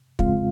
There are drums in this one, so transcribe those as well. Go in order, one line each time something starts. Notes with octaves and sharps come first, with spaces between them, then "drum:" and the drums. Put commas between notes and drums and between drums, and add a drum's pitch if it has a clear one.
F2 C#3 G#3 C4 F4 F5, drum: kick